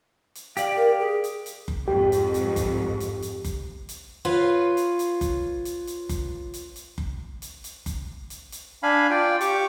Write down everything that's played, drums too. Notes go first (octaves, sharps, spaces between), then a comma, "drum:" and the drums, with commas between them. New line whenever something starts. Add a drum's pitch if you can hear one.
drum: hi-hat
G4 D5 F5, drum: hi-hat
A#4
G#4
drum: hi-hat
drum: hi-hat
drum: kick F#1
F2 G#2 G4
drum: hi-hat
drum: hi-hat
drum: kick F#1, hi-hat
drum: hi-hat
drum: hi-hat
drum: kick F#1, hi-hat
drum: hi-hat
F4 B4 C#5 F5
drum: hi-hat
drum: hi-hat
drum: kick F#1, hi-hat
drum: hi-hat
drum: hi-hat
drum: kick F#1, hi-hat
drum: hi-hat
drum: hi-hat
drum: kick F#1
drum: hi-hat
drum: hi-hat
drum: kick F#1, hi-hat
drum: hi-hat
drum: hi-hat
D4 F5 G#5 B5
F4 D5 G5
G4 C#6 D6, drum: hi-hat